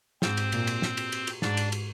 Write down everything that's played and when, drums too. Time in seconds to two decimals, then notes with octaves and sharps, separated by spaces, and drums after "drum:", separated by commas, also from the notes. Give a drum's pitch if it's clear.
0.22 G#2 C4 C5, drum: snare
0.37 drum: cymbal
0.52 A#2, drum: cymbal
0.67 drum: cymbal
0.82 drum: snare
0.97 drum: cymbal
1.12 drum: cymbal
1.27 drum: cymbal
1.42 G#2 D4 D5, drum: snare
1.57 drum: cymbal
1.72 drum: cymbal